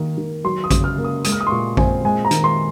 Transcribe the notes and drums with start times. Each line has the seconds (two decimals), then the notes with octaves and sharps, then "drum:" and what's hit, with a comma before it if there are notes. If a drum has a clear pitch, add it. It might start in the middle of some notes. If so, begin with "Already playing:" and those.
Already playing: D#3 A#3
0.18 D#3
0.44 F#3 C6
0.64 D#6
0.71 C#3, drum: kick A1, hi-hat
0.84 F6
0.98 A#3
1.04 D#6
1.24 G#3 D#6, drum: hi-hat
1.32 F6
1.41 D#6
1.47 C6
1.50 A#2 C#6
1.77 C4 G#5, drum: kick A1
2.05 G#3 G#5
2.25 A#5
2.31 D#3, drum: hi-hat
2.44 C6